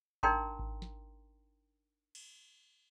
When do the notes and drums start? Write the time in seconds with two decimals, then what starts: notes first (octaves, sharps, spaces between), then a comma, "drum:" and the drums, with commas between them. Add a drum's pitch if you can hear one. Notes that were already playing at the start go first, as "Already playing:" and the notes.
0.23 D4 D#4 A#4 G5 A#5 C6, drum: kick G#1
0.59 drum: kick G#1
0.82 drum: snare
2.15 drum: cymbal